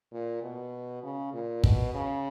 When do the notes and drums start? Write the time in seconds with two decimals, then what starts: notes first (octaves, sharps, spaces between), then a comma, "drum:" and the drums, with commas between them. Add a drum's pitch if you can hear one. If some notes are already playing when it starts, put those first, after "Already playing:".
0.12 A#2
0.43 B2
1.03 C#3
1.33 A#2
1.64 B2, drum: kick
1.94 C#3